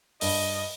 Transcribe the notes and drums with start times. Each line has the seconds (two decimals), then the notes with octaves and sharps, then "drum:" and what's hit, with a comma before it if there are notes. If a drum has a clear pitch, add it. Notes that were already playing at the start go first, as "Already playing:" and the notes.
0.21 G2 D#5, drum: open hi-hat